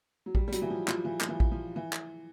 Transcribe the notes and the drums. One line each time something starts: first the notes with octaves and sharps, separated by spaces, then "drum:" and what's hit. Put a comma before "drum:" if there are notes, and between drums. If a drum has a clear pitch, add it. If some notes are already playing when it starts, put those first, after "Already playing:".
F#3
G3, drum: kick A1
G3
F#3, drum: hi-hat
E3
F3
F3, drum: clap
E3
F3, drum: clap
E3
drum: kick A1
F3
E3
drum: clap